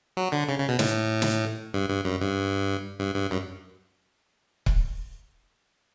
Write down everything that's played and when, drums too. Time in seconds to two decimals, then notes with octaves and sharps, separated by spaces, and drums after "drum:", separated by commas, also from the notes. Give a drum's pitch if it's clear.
0.17 F#3
0.32 D3
0.49 C#3
0.59 C#3
0.69 B2
0.79 A2, drum: snare
1.22 drum: snare
1.74 G2
1.89 G2
2.05 F#2
2.21 G2
2.99 G2
3.15 G2
3.31 F#2
4.66 drum: kick C#1